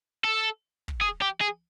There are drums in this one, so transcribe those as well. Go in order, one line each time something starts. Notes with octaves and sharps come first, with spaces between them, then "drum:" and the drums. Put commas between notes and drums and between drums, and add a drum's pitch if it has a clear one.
A4
drum: kick
G#4
G4
G#4